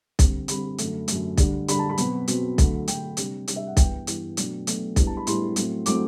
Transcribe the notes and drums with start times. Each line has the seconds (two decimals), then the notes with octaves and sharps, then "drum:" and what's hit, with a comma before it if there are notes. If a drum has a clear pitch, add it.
0.19 D3 G3 C4, drum: kick B1, hi-hat
0.48 D3 G3 C4 B5, drum: hi-hat
0.78 F#2 D3 A3, drum: hi-hat
1.08 F#2 D3 A3, drum: hi-hat
1.37 D3 G3 D4, drum: kick B1, hi-hat
1.68 D3 G3 D4 B5, drum: hi-hat
1.79 A5
1.90 B5
1.98 B2 F#3 C4, drum: hi-hat
2.28 B2 F#3 C4, drum: hi-hat
2.58 D3 F#3 A3, drum: kick B1, hi-hat
2.88 D3 F#3 A3 G5, drum: hi-hat
3.17 C3 G3 D4, drum: hi-hat
3.48 C3 G3 D4, drum: hi-hat
3.56 E5
3.67 F#5
3.77 G2 E3 B3 G5, drum: kick B1, hi-hat
4.07 G2 E3 B3, drum: hi-hat
4.37 B2 F#3 A3 D4, drum: hi-hat
4.67 B2 F#3 A3 D4, drum: hi-hat
4.96 A2 G3 B3 D4, drum: kick B1, hi-hat
5.07 A5
5.17 B5
5.27 A2 G3 B3 D4 C6, drum: hi-hat
5.56 A2 F#3 A3 C4, drum: hi-hat
5.86 A2 F#3 A3 C4 D6, drum: hi-hat